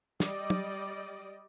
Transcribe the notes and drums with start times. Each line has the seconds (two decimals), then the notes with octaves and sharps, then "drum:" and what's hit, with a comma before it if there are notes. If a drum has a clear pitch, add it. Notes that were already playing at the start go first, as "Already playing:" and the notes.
0.20 G3 D5 D#5, drum: snare
0.50 drum: tom